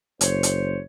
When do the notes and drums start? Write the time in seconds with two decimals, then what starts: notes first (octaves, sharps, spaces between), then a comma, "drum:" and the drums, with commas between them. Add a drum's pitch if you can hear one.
0.21 F#1 C5 C#5, drum: hi-hat
0.43 drum: hi-hat